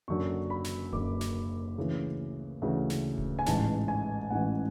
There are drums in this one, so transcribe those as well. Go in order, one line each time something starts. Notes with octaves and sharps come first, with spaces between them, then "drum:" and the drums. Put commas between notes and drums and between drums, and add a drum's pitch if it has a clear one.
F#1 F#2 D3 C#6
B5
drum: snare
F#1 F#2 D3 D6, drum: kick D1
drum: snare
D2 C#3 E3
D2 C#3 E3
drum: snare
drum: kick D1
G#5
A1 G#2 E3 A5, drum: snare
G#5
A1 G#2 E3 F#5